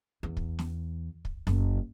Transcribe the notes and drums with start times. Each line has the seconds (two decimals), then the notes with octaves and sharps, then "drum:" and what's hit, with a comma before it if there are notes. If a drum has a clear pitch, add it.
0.23 E2
0.37 drum: kick
0.59 drum: snare
1.25 drum: kick
1.47 F#1, drum: snare